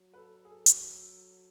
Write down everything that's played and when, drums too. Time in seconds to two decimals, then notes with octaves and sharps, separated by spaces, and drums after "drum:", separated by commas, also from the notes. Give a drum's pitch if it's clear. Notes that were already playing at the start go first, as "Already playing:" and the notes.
Already playing: F#3
0.14 B4
0.17 A4
0.45 G#4
0.51 A4
0.66 drum: hi-hat